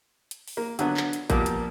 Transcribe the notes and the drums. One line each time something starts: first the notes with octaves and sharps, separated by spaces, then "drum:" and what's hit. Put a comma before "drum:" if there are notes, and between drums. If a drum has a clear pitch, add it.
drum: hi-hat
drum: open hi-hat
A#3
D3 F#3 B3, drum: hi-hat
drum: clap
drum: hi-hat
A#2 F3 G3 A#3 B3, drum: kick A1, hi-hat
drum: hi-hat